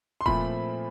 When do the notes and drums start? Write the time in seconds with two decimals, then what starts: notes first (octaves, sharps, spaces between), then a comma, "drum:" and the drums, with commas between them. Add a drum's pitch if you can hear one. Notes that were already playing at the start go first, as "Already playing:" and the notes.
0.21 C6
0.26 A#2 F3 A3 C4 B5, drum: kick E1